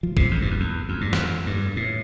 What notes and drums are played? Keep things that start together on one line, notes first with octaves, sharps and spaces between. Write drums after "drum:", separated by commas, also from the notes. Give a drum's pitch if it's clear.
F3
C3, drum: kick A1
F2
G2
F2
E2
F2
G2
F2, drum: snare
G2
A2